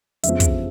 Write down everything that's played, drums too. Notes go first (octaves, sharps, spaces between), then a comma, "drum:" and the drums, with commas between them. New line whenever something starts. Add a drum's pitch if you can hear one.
F1 E2 C#3 F3 E5, drum: hi-hat
drum: kick, hi-hat